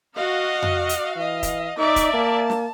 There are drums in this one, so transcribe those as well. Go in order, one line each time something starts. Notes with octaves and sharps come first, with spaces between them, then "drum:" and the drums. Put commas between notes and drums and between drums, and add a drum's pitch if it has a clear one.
F#4 D#5 F5
drum: tom F2
drum: hi-hat
E3 D#5 F5
drum: kick, hi-hat
D#4 D5 E5 D6
drum: kick, hi-hat
A#3 A5
drum: snare